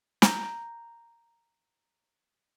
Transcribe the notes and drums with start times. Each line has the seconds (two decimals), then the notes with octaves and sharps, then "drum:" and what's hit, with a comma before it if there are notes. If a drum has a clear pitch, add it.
0.22 A#5 G6, drum: snare